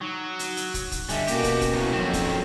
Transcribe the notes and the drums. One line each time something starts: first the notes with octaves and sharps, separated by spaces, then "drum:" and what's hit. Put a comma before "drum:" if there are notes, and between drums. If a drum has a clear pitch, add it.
F#3 D#4
drum: hi-hat
drum: hi-hat
drum: kick, hi-hat
drum: kick, hi-hat
D3 G3 D#5 E5 G#5, drum: hi-hat
B2 A#3 C#4 F#4 G4, drum: hi-hat
drum: kick, hi-hat
drum: kick, hi-hat
A2 C#3
F2 D#3 F#3 C4
drum: kick, hi-hat